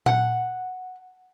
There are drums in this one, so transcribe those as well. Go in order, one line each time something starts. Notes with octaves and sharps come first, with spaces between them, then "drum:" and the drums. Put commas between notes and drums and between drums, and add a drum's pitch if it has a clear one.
F#5, drum: tom A#2